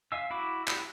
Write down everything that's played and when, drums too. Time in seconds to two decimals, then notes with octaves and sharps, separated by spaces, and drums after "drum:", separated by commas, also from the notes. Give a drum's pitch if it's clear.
0.12 E5 F5 G#5 E6
0.30 E4 F#4 B5 D6
0.68 E4 G4, drum: clap